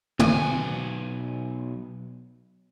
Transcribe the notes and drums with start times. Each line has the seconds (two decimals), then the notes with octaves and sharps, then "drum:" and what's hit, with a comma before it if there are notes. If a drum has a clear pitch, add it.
0.19 B1 G#5, drum: tom